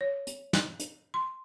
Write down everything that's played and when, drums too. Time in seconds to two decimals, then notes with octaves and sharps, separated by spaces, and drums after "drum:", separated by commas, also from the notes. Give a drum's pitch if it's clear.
0.01 C#5
0.27 drum: hi-hat
0.53 drum: snare
0.80 drum: hi-hat
1.14 C6